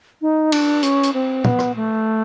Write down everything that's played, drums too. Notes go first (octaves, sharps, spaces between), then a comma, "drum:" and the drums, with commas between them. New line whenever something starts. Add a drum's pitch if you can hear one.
D#4
D4, drum: cymbal
C#4, drum: hi-hat
drum: hi-hat
C4
B3, drum: tom A#2
drum: rim click
A3